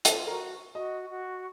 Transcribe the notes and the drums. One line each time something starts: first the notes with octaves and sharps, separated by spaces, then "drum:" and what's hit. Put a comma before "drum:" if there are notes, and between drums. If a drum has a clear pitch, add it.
F4 A4, drum: hi-hat
F#4 A#4
F#4 D#5
F#4